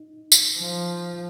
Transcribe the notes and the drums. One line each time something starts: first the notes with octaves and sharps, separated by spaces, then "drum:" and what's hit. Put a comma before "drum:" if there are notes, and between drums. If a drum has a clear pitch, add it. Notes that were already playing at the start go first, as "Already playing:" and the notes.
Already playing: D#4
drum: tambourine
F3